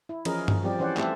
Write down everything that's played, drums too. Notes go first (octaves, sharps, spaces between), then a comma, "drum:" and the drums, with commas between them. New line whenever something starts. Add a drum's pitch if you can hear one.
E4
E3 F3 C#4 G#4 A#4 D#5, drum: cymbal
drum: tom G2
F3 G3 C4 G4 D5
E3 C#4 C5 D5 F#5
A3 C4 G4 A4 E5, drum: clap